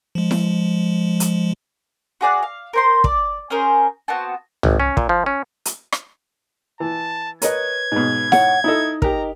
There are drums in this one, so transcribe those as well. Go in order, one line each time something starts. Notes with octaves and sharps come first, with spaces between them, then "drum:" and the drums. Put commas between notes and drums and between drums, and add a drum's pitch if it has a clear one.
F3 G#3
drum: snare E4
drum: hi-hat
F#4 G#4 D5 F#6
F5
A#4 C5 C6
D5, drum: kick
C#4 G#4 A#4 C5
B3 C4 F#4 A5
G#1, drum: tom
C#4
A#2, drum: kick
F3
C#4
drum: hi-hat
drum: rim click
E3 A5
A#4 B4 C#5 D#5 G#6, drum: hi-hat
G#2 B2
C#5 F#5, drum: snare E4
D#4 E4 A4 D#5
G4 A#4 A#5, drum: kick